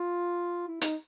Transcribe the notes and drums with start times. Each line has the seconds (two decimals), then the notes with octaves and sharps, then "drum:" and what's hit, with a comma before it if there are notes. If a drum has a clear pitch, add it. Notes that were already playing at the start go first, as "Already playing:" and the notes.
Already playing: F4
0.68 E4
0.81 D#4, drum: hi-hat